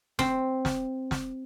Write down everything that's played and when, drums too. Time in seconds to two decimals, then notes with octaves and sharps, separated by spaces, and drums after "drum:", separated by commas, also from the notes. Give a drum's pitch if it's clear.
0.19 C4, drum: snare
0.65 drum: snare
1.11 drum: snare